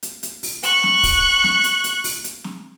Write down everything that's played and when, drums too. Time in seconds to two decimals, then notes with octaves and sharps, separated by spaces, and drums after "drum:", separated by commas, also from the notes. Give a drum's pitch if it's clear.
0.03 drum: hi-hat
0.23 drum: hi-hat
0.43 drum: open hi-hat
0.63 C#6 F#6, drum: hi-hat
0.83 drum: snare
1.03 drum: kick, open hi-hat
1.44 drum: snare
1.64 drum: hi-hat
1.84 drum: hi-hat
2.04 drum: open hi-hat
2.24 drum: hi-hat
2.44 drum: snare